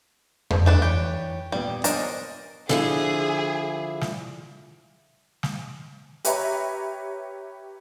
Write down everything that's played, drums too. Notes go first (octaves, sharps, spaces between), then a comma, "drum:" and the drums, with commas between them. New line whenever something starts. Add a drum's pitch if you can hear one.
drum: tom F2
A3 D4 B4
E3 G4 C#5
D#2 A#2 G3 B3
D4 A#4 C5 C#5 D#5, drum: hi-hat
D3 F3 E4 G#4, drum: snare
drum: snare
drum: snare
G4 B4 C#5 E5 A#5 B5, drum: hi-hat